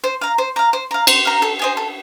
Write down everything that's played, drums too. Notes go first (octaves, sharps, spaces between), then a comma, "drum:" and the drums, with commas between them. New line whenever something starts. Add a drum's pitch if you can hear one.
C5
F5 A#5
C5
F5 A#5
C5
F5 A#5
C5, drum: cymbal
F5 A#5
A4
C5 D#5 G#5
A4